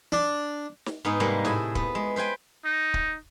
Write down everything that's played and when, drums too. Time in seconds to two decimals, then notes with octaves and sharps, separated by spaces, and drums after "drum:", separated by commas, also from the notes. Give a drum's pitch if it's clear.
0.12 D4
0.86 drum: snare
1.05 G#2 B3 D#4 G#4
1.20 G#2 C3 G3 G#3 A#3
1.45 A2 E4 G#4 G#5, drum: snare
1.75 B3, drum: kick
1.95 G#3
2.16 B4 C5 G5 G#5
2.65 D#4
2.94 drum: kick